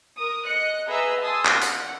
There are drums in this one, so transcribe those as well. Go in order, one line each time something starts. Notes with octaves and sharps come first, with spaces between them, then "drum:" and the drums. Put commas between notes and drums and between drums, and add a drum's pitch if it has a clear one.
A#4 D#6
D#5 F#6 C#7
G#4 B4 D#5 E5 A#5 E6
G#5 A5 C6 D#6 E6
drum: clap
F#5, drum: hi-hat